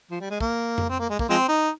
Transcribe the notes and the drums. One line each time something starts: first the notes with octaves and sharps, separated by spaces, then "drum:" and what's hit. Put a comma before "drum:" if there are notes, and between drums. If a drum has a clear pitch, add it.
F3
G3
G#3
A#3, drum: kick
drum: tom F2
C4
A#3
G#3
A#3, drum: kick
F3 G#3 C4
D#4